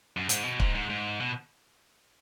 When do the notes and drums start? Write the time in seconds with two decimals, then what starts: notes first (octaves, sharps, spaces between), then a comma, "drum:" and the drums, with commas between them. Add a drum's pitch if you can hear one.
0.17 F#2
0.29 G#2, drum: hi-hat
0.44 B2
0.60 G#2, drum: kick
0.75 G#2
0.90 G#2
1.20 B2